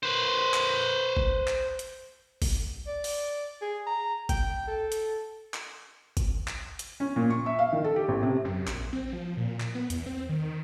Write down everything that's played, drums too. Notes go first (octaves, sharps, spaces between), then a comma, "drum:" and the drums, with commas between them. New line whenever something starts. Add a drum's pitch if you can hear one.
B4 C5
drum: clap
drum: kick
drum: clap
drum: hi-hat
drum: kick, open hi-hat
D5
drum: open hi-hat
G#4
A#5
G5, drum: kick, hi-hat
A4
drum: hi-hat
drum: clap
drum: kick, hi-hat
drum: clap
drum: hi-hat
C#4
A#2
C#6
E5
F5
D#3
A4
G4
A1
C3
F#2
A#1, drum: clap
C4
F3
A#2
drum: clap
B3
E2, drum: hi-hat
C4
D#3